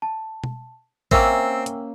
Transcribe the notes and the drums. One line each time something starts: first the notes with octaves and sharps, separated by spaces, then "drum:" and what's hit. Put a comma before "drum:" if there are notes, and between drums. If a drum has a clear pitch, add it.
A5
drum: tom B2
A#3 C4 C#4 A#4 E5 G5 E6, drum: kick A1
drum: hi-hat